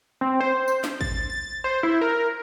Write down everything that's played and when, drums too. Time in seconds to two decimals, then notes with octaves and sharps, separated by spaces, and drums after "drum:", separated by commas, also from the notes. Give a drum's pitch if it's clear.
0.21 C4
0.41 C5
0.68 drum: tambourine
0.84 drum: snare
1.01 A6, drum: kick
1.30 A6
1.64 C5
1.83 E4
2.01 A#4